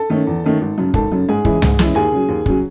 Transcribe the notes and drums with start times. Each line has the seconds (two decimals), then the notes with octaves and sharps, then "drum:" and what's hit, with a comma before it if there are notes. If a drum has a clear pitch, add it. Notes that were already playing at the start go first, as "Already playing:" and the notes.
Already playing: A4 A5
0.10 D#3 A3 C#4
0.27 E2
0.44 D#3 A3 C#4
0.61 G#1
0.78 F#2 C#3
0.94 G#1 A4 A5, drum: kick
1.12 F#2 C#3
1.29 G#2 G#4 G#5
1.45 E3 G#3 C#4 E4, drum: kick
1.62 G#2, drum: tom C2
1.79 E3 G#3 C#4 E4, drum: snare
1.95 D#2 G#4 G#5
2.12 C#3 F#3
2.29 D#2
2.46 C#3 F#3, drum: kick